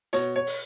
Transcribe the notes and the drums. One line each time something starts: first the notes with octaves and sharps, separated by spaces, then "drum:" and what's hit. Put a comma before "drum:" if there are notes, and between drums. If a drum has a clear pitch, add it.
B2 C#5, drum: hi-hat
C#5
drum: open hi-hat